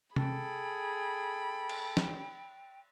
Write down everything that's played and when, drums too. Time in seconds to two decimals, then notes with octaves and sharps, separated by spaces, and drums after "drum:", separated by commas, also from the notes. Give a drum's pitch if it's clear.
0.16 G#4 A4 G5 B5, drum: tom C3
1.69 drum: cymbal
1.97 drum: snare